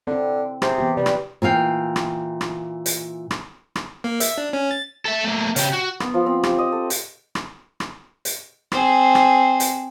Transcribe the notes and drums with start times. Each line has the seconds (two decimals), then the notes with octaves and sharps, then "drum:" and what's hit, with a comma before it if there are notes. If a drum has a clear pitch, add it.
0.07 D3 C4 E4
0.62 C3 G#4, drum: rim click
0.78 E3 B3 G4
0.97 C3 G3 G4 B4
1.06 drum: rim click
1.42 A#2 E3 F5 G5
1.96 drum: rim click
2.41 drum: rim click
2.86 drum: hi-hat
3.31 drum: rim click
3.76 drum: rim click
4.04 A#3
4.20 E5, drum: hi-hat
4.38 D4
4.53 C#4
4.71 A6
5.05 A4 E5
5.24 A3 A#3
5.56 C#3 G4, drum: hi-hat
5.73 F#4
6.00 B3, drum: rim click
6.14 F3
6.26 C4
6.43 G4, drum: rim click
6.58 D#5
6.72 A4
6.90 drum: hi-hat
7.35 drum: rim click
7.80 drum: rim click
8.25 drum: hi-hat
8.72 C4 G#4, drum: rim click
9.15 drum: rim click
9.60 drum: hi-hat